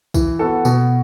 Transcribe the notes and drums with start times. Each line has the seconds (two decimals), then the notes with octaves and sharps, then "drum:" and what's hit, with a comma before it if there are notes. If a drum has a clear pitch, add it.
0.14 E3, drum: kick, tambourine
0.39 B3 F#4 A4
0.65 B2, drum: tambourine